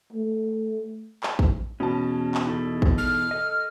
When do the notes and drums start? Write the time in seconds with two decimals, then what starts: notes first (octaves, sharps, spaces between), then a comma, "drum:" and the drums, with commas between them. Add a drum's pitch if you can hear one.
0.13 A3
1.23 drum: clap
1.39 drum: kick
1.80 E2 B2 C#4 A5
2.34 drum: clap
2.47 D#4 E4 A4
2.82 drum: kick
2.98 F6
3.31 A4 D#5